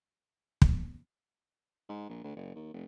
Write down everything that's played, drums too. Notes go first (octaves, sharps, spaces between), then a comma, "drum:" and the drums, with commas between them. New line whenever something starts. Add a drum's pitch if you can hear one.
drum: kick
G#2
A#1
D2
F#1
D#2
F1